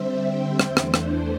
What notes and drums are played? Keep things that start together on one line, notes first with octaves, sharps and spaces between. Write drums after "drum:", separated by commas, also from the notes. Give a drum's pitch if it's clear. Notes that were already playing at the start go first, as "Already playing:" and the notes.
Already playing: D3 G3 C4 C5 E5
G5
E2 E3 A3 D4 C5, drum: rim click
drum: rim click
drum: rim click